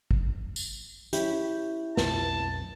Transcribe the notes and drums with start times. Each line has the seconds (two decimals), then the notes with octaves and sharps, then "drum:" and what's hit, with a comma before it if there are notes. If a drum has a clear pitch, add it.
0.11 drum: kick
0.56 drum: tambourine
1.13 C#4 E4 G4, drum: hi-hat
1.97 B1 F2 A5, drum: snare